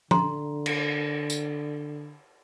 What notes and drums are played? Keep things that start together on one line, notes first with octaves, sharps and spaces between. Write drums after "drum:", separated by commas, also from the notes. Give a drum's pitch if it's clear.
D3 A#5 C6, drum: tom F3
drum: cymbal
drum: tambourine